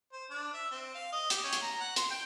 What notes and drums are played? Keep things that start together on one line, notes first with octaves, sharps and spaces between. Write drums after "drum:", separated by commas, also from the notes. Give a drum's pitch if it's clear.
C5
D4
E5
C4
F5
D#5
G4, drum: hi-hat
C#4
drum: hi-hat
A#5
F#5
C6, drum: hi-hat
G5